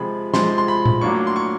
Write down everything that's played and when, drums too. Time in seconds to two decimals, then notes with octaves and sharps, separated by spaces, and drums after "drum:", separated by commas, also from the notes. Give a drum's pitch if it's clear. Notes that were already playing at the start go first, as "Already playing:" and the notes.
Already playing: C3 F3 G#3 B5
0.34 C3 F3 G#3 C6, drum: snare
0.58 C6
0.68 B5
0.85 drum: tom A2
1.01 A2 F#3 A#3 D4 C#6
1.27 C6
1.36 C#6